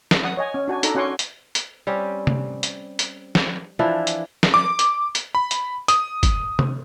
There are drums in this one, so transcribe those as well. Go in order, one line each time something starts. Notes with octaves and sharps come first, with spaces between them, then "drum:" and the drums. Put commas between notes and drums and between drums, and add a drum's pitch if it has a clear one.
drum: snare
F#5 D#6
C#5 D#5 G#5
C#4
D4 F#4 G#5
D4 D#4 A4 A#5, drum: hi-hat
C#4 F#4 F#5 G#5 C6 D6
drum: hi-hat
drum: hi-hat
G3 C4 C#4 G4
drum: tom C3
drum: hi-hat
drum: hi-hat
drum: snare
E3 F3 D4 E4
drum: hi-hat
drum: snare
D6
drum: hi-hat
drum: hi-hat
B5
drum: hi-hat
D#6, drum: hi-hat
drum: kick, hi-hat
drum: tom C3